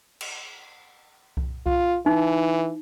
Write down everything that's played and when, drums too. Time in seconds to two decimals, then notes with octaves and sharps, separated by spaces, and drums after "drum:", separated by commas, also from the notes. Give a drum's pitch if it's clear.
0.21 drum: cymbal
1.37 drum: kick C2
1.66 F4, drum: kick C2
2.06 E3 D#4